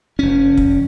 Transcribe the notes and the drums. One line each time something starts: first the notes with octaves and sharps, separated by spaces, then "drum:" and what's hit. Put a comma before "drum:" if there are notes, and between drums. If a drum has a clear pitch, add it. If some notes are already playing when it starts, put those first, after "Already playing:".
F1 C#4
drum: kick